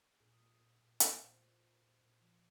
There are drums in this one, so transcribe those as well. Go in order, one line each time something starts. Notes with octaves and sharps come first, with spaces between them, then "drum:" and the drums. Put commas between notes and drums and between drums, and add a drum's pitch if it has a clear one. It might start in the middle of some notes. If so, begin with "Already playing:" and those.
A#2 G#4
A#3
A#2
A#2
A#2 C5, drum: hi-hat
A#2
A#3
A#3
A#2
A#2
F3